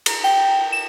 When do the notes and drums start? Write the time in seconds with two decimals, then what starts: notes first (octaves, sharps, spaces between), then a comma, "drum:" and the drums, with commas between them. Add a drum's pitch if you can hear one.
0.06 drum: cymbal
0.24 G5
0.72 E7